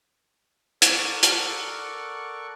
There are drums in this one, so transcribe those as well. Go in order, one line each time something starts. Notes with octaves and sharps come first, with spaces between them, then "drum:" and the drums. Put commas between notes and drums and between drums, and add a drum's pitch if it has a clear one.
A4 A#4 D5 F#5 C#6, drum: hi-hat
drum: hi-hat